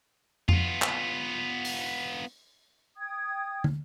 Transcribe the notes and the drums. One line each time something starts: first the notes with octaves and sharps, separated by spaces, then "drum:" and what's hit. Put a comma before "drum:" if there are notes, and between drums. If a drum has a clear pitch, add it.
B3 F4, drum: tom F2
drum: clap
drum: open hi-hat
G5 D#6 G#6
drum: tom